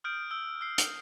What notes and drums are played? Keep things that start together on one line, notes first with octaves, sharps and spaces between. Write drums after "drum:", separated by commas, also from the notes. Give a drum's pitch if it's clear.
D#6 F6 G6 D7
E6 G6
E6 C7
drum: hi-hat